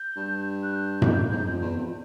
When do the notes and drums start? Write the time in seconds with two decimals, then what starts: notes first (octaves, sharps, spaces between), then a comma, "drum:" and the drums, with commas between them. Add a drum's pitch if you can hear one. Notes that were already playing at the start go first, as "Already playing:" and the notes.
Already playing: G6
0.16 G2
0.63 F#6
0.74 G6
1.02 drum: tom F#2
1.32 G#2
1.46 F2
1.62 E2
1.76 F2